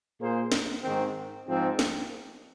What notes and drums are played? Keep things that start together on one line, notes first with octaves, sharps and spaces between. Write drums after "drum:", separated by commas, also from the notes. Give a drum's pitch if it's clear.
A#2 A#3 G#4 C5
drum: snare
G#2 D#3 C4
G#2 F3 C4
drum: snare